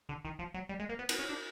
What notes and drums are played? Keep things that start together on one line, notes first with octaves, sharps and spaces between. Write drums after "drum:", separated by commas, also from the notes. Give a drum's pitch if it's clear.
D3
D#3
F3
F#3
G3
G#3
A#3
B3
B3, drum: cymbal
C#4
D4